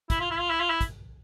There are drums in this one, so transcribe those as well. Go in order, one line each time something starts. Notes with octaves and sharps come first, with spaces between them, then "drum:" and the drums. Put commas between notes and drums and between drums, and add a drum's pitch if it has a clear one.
E4, drum: kick, hi-hat
F4
E4
F4
E4
F4
E4
drum: kick, hi-hat